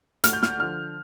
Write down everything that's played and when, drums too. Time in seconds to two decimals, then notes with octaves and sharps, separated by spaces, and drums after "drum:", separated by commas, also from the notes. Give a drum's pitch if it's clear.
0.24 D2 F6, drum: hi-hat
0.33 G6
0.43 F6, drum: snare
0.59 D3 F3 F6